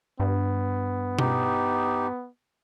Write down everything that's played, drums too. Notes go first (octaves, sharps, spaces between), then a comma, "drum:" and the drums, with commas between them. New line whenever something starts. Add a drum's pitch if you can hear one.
G2 B3
D#4 G4, drum: tom B2